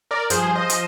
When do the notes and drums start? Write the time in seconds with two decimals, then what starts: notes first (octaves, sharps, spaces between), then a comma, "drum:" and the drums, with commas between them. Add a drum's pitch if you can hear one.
0.11 A#4 D5
0.30 G2 F3 G#4 C5, drum: hi-hat
0.42 G#4 C5
0.55 C5 D#5
0.70 F3, drum: hi-hat